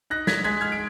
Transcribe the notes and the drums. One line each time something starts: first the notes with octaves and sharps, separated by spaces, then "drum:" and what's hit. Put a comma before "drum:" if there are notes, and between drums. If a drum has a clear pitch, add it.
D#4 F#6 A#6
G#6 B6, drum: snare
G#3 G#6 B6
F6 G#6
D7